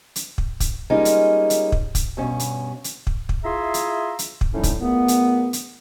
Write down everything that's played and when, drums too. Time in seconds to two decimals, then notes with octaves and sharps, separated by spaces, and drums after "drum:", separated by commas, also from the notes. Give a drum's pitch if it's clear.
0.16 drum: hi-hat
0.38 drum: kick
0.60 drum: kick, hi-hat
0.90 G3 G#3 A#3 C#4 D#4 F4
1.05 drum: hi-hat
1.50 drum: hi-hat
1.72 drum: kick
1.95 drum: kick, hi-hat
2.17 G2 B2 C#4
2.40 drum: hi-hat
2.84 drum: hi-hat
3.07 drum: kick
3.29 drum: kick
3.44 E4 F4 G#4 E5 A#5 C6
3.74 drum: hi-hat
4.19 drum: hi-hat
4.41 drum: kick
4.54 F2 A2 F3 G3 C#4 D#4
4.63 drum: kick, hi-hat
4.80 E2 A#2 A3 B3
5.08 drum: hi-hat
5.53 drum: hi-hat